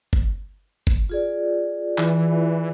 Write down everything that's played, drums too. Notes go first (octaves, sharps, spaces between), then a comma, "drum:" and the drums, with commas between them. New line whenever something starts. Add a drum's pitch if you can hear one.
drum: kick G1
drum: kick G1
F4 G#4 D5
E3, drum: clap